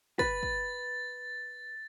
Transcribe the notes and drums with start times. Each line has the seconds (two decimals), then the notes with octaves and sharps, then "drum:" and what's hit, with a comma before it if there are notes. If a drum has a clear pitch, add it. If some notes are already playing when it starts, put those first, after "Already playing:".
0.19 B4 A6, drum: kick
0.43 drum: kick